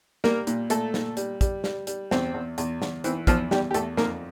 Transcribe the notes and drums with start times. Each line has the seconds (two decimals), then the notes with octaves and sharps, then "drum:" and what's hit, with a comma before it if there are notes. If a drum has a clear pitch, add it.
0.24 G3 A#3 A#4, drum: snare
0.47 A#2, drum: hi-hat
0.70 A#2 A3 A4, drum: hi-hat
0.94 A#2, drum: snare
1.17 G3, drum: hi-hat
1.41 G3, drum: kick, hi-hat
1.64 G3, drum: snare
1.87 G3, drum: hi-hat
2.11 E2 C4, drum: snare
2.34 E2
2.58 E2, drum: hi-hat
2.82 E2, drum: snare
3.04 E3 C4, drum: hi-hat
3.27 E2 F3 F4, drum: kick, hi-hat
3.51 E2 G3 G4, drum: snare
3.71 G4
3.74 E2 A3 A4, drum: hi-hat
3.97 F2 A#3 A#4, drum: snare